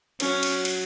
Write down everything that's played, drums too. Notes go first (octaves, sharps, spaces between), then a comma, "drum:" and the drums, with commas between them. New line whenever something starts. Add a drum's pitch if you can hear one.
F#3 C#4, drum: cymbal
drum: cymbal
drum: cymbal